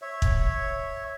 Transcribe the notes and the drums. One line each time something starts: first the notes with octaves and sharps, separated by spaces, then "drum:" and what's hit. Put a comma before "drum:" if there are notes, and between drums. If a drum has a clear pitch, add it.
C#5 E5
drum: kick